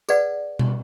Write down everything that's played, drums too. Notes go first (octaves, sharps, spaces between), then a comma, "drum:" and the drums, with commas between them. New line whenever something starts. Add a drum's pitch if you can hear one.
G#4 B4 D5 F#5, drum: tambourine
drum: tom B2